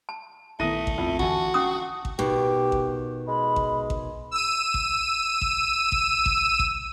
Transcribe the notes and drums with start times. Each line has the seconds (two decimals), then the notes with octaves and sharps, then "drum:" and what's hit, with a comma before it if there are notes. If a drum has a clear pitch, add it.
0.09 A5
0.60 A#1 D#3 A3 B3 E4 D#6 A#6 D#7
0.87 drum: kick A1
0.98 F2
1.19 D3 E3 F#4 G#5 A5, drum: kick A1
1.54 C#4 D6 D#6 C7
2.05 drum: kick A1
2.19 B2 D#3 G4
2.72 drum: kick A1
3.28 G#3 B5
3.56 drum: kick A1
3.90 drum: kick A1
4.31 E6 D#7
4.74 drum: kick A1
5.41 drum: kick A1
5.92 drum: kick A1
6.26 drum: kick A1
6.59 drum: kick A1